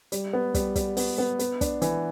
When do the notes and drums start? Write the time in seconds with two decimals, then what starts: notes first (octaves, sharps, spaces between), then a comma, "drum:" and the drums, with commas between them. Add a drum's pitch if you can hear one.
0.12 G3, drum: hi-hat
0.33 B3
0.54 G3, drum: kick, hi-hat
0.76 G3, drum: kick, hi-hat
0.97 B3, drum: open hi-hat
1.18 B3
1.39 B3, drum: hi-hat
1.61 D4, drum: kick, hi-hat
1.82 E3, drum: hi-hat